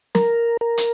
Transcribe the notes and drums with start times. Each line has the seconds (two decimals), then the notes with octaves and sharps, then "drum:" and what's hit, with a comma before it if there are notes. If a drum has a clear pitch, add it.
0.15 A#4, drum: snare
0.61 A#4
0.78 drum: hi-hat